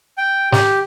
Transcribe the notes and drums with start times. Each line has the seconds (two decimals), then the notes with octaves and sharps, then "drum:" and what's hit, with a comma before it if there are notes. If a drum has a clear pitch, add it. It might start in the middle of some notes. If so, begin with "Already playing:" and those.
0.18 G5
0.52 G4, drum: snare